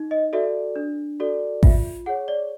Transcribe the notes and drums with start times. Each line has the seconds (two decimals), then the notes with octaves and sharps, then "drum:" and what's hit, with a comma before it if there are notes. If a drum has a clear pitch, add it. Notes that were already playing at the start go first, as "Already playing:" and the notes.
Already playing: D#4
0.11 D#5
0.33 F#4 A4 D5 E5
0.76 D4
1.20 F#4 A4 D5
1.63 F4 E5, drum: kick A1
2.06 G#4 C#5 F#5
2.28 D5